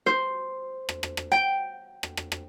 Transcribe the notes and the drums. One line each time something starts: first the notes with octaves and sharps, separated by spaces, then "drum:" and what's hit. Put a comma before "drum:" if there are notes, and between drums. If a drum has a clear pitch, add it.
C5
drum: rim click
drum: rim click
drum: rim click
G5
drum: rim click
drum: rim click
drum: rim click